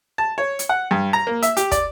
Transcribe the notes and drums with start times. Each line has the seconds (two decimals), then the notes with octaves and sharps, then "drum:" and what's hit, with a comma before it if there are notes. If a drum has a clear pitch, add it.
0.18 A5
0.38 C#5
0.59 drum: hi-hat
0.69 F#5
0.91 G2
1.13 A#5
1.27 A#3
1.42 E5, drum: hi-hat
1.57 G4, drum: hi-hat
1.71 D5, drum: kick, hi-hat